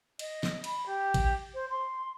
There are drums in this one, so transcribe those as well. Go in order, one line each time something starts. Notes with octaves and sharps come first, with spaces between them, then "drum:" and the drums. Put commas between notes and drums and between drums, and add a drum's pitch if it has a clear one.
D#5, drum: cymbal
drum: snare
B5, drum: cymbal
G4
drum: kick, cymbal
C5
C6